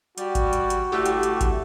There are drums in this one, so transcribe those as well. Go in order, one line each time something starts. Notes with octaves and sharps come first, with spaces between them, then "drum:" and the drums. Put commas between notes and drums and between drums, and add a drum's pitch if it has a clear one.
G3 F#4, drum: hi-hat
drum: kick G#1, hi-hat
drum: hi-hat
drum: hi-hat
A2 D3 A3 G4
drum: hi-hat
drum: hi-hat
drum: kick G#1, hi-hat